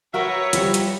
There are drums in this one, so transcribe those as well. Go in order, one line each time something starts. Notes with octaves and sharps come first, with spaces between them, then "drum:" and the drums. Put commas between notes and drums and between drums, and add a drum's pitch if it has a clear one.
F#4 A#4 B4 C#5 E5 G5 A#5
F3 G3, drum: hi-hat
drum: hi-hat